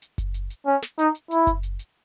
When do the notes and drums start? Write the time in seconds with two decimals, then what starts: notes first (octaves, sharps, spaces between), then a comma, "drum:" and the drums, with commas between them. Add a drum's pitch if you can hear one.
0.02 drum: hi-hat
0.18 drum: kick F#1, hi-hat
0.34 drum: hi-hat
0.50 drum: hi-hat
0.66 C#4
0.82 drum: snare
0.99 D#4, drum: hi-hat
1.15 drum: hi-hat
1.31 E4, drum: hi-hat
1.47 drum: kick F#1, hi-hat
1.63 drum: hi-hat
1.79 drum: hi-hat